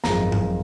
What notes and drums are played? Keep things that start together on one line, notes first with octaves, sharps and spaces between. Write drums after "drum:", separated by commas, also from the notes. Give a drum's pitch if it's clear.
G#1 F#2 F3 G#3 A#5, drum: snare
drum: tom G2